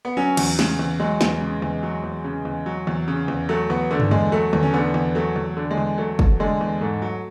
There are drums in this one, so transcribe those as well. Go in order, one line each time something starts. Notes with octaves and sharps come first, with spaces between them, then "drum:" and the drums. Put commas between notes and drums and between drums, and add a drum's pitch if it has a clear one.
B3
F#3 C#4
E2, drum: cymbal
C#3, drum: snare
E2
F#3 G#3
E2, drum: snare
C#3
E2
F#3
E2
C#3
E2
F#3
E2
C#3
E2
F#3 A3
E2 B3
D3 A3
drum: tom G2
E2 G#3
F#3 A3
E2, drum: tom D3
C#4
D3 B3
E2
F#3 A3
E2
D3
G#3
E2
F#3 A3
E2, drum: kick
D3 G#3
E2
G#2 A3
F#3